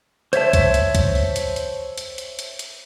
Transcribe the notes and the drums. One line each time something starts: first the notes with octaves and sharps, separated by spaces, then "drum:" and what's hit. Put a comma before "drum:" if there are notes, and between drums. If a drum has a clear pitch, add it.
C5 C#5 E5 A5, drum: hi-hat
drum: kick C#2, hi-hat
drum: hi-hat
drum: kick C#2, hi-hat
drum: open hi-hat
drum: hi-hat
drum: hi-hat
drum: hi-hat
drum: hi-hat
drum: hi-hat
drum: hi-hat